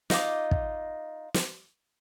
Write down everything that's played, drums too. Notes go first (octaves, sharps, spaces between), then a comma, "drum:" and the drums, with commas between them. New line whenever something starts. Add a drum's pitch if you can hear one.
D#4 F4 D#5 D6, drum: snare
drum: kick
drum: snare